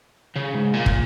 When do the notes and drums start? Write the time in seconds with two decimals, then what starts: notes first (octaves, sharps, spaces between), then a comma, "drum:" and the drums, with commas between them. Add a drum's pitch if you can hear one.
0.36 C#3
0.55 G#2
0.74 A#2
0.86 drum: kick